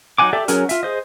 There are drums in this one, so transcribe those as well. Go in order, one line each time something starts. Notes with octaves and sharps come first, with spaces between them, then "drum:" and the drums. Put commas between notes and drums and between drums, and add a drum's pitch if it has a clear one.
F#3 D#4 F#5 G#5 D6
G4 A4 D5 E5
F#3 C#4 G#4 A#4, drum: hi-hat
F4 E5, drum: hi-hat
G#4 C5 D#5